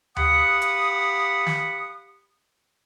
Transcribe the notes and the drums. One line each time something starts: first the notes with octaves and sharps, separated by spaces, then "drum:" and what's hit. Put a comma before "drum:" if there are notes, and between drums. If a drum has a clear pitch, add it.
G4 F5 F#5 B5 D#6, drum: tom D2
drum: hi-hat
drum: snare